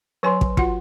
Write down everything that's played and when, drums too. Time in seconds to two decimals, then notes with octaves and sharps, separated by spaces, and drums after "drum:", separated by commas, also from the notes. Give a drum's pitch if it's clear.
0.23 F#3 A#4 B4 C#5 G#5 C6
0.41 drum: kick
0.57 F4 F#4 F#5, drum: kick